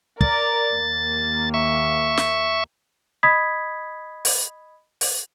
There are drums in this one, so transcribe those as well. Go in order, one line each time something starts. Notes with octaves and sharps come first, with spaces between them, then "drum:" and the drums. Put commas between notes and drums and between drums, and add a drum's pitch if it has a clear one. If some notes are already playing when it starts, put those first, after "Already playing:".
A#4 D5 A#5 A6, drum: kick
D#2 A#3
E5 C#6
drum: snare
D#5 B5 D#6 G#6 B6
drum: open hi-hat
drum: open hi-hat